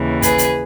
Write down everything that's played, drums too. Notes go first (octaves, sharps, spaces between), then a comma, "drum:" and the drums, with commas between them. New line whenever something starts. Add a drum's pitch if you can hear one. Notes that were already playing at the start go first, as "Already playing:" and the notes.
Already playing: D#2 C#3 E3
G#4 B4, drum: kick, hi-hat
drum: hi-hat